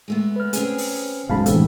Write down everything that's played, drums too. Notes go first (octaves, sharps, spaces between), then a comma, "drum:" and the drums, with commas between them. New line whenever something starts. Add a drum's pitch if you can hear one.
G#3 A3 B3
B4 F6
C4 C#4 G#4, drum: hi-hat
drum: open hi-hat
B1 F#2 G#3 F5 A5 B5
A1 G#2 C3 B3 G4 A4, drum: hi-hat